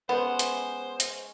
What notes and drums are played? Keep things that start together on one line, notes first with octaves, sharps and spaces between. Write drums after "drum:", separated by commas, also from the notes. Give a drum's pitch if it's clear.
G#3 B3 C#4 C5 C6
drum: hi-hat
drum: hi-hat